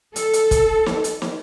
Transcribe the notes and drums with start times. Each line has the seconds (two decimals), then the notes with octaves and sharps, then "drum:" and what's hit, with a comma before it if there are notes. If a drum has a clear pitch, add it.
0.16 A4, drum: hi-hat
0.33 drum: hi-hat
0.51 drum: kick, hi-hat
0.86 drum: snare
1.04 drum: hi-hat
1.22 drum: snare